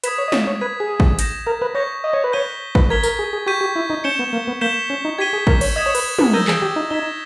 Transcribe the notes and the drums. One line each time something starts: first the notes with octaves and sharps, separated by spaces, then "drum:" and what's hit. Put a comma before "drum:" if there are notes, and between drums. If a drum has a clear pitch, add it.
B4 D#6 G#6 B6 E7, drum: hi-hat
C#5
D#5
C#5, drum: snare
C#5
B4 G#6 B6 D#7
G#4
drum: kick
G6 A#6 E7, drum: hi-hat
A#4
B4
C#5 C#6 G6 A#6
D#5
C#5
B4
C#5 G6 B6 D#7 G7
B4, drum: kick
A#4 G#6 B6 G7
A#4, drum: tambourine
G#4
G#4
G4 C#6 G6 B6 D#7
G4
E4
D#4
C#4 G6 C#7 E7 G7
B3
A#3
B3
A#3 G6 B6 E7 G7
C#4
D#4
G4 G#6 B6 D#7 G7
G#4
A#4, drum: kick
C#5, drum: cymbal
D#5 D#6 G#6 B6 E7
C#5
B4, drum: cymbal
B4, drum: tom
A#4 E6 G6 A#6 D#7 G7
G#4, drum: clap
G4
D#4
D#4 G#6 B6 E7 G7